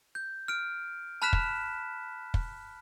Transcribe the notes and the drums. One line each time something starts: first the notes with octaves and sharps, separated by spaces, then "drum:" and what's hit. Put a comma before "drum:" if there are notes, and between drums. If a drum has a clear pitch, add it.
G6
F6 D7
A5 B5 F6 F#6 B6 E7
drum: kick
drum: kick